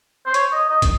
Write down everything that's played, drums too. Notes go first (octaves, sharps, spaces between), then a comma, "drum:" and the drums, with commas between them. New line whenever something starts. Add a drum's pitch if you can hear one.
C5
C#5, drum: hi-hat
D#5
D#5
drum: kick, hi-hat